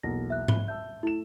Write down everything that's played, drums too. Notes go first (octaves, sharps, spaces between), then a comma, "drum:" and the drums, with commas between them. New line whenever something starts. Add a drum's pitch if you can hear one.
B1 E2 A#3 A#6
E5 F#6
B5 G7, drum: tom G#2
E5 A5 E6 G6
A3 E4 E7